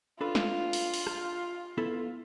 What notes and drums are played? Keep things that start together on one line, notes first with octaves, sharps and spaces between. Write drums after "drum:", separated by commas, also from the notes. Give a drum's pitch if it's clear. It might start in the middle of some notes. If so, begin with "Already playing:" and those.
D4 F4 A4 B4
drum: snare
drum: open hi-hat
drum: open hi-hat
drum: rim click
B3 E4 A4